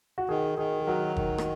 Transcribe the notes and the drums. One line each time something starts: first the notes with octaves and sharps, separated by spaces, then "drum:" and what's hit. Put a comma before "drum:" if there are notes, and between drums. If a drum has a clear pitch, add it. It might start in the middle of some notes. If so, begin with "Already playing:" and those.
F#4
D#3 G#4
D#3 G#4
G#4
F#3 F#4 A#4
D#3, drum: kick
drum: rim click